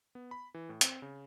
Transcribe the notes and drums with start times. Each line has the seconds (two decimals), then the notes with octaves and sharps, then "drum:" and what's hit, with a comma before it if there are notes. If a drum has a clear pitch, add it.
0.15 B3
0.31 B5
0.54 E3
0.69 A2
0.81 C4, drum: hi-hat
1.02 C#3